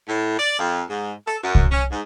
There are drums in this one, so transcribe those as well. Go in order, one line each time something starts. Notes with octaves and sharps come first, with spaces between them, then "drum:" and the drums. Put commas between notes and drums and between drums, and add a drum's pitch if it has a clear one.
A2
D5
F2
G#2
A4
F#2
drum: kick C2
C#4
G#2